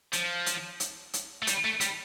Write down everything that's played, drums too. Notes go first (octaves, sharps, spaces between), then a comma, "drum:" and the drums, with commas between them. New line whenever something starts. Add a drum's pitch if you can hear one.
F3, drum: hi-hat
drum: hi-hat
drum: hi-hat
drum: hi-hat
A3
G3, drum: hi-hat
A3
G3, drum: hi-hat